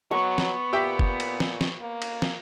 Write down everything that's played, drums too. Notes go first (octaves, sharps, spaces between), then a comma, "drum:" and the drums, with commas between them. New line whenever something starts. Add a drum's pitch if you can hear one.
F#3 B3 C#6
drum: snare
A#2 G4 E5 G5
drum: kick G1
drum: cymbal
drum: snare
drum: snare
A#3
drum: cymbal
drum: snare